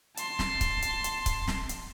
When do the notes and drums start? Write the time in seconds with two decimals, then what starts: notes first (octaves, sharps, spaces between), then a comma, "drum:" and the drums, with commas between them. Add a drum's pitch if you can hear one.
0.17 A5 C6, drum: hi-hat
0.39 drum: snare
0.61 drum: kick C#1, hi-hat
0.82 drum: hi-hat
1.04 drum: hi-hat
1.26 drum: kick C#1, hi-hat
1.48 drum: snare
1.69 drum: hi-hat